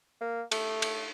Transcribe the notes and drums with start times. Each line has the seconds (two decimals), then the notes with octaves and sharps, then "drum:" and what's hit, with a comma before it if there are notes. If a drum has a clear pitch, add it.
0.21 A#3
0.52 A3, drum: cymbal
0.82 drum: cymbal